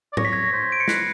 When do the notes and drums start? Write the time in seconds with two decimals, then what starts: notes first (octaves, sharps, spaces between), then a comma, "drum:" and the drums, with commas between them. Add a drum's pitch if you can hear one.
0.13 D5
0.17 C#5 A#6, drum: tom
0.25 B6
0.32 G#6 A#6
0.53 C5
0.72 D7
0.80 C#7
0.88 B4 A#6 C7, drum: snare